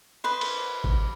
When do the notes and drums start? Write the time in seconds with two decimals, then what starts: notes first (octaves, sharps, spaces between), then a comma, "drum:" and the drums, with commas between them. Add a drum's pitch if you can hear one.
0.24 B4 C5 D#5
0.41 drum: cymbal
0.84 drum: kick G#1